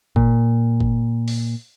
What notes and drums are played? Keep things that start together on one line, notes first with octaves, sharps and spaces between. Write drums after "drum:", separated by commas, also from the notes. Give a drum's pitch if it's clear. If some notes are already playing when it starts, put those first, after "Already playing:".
A#2, drum: kick
drum: kick
drum: open hi-hat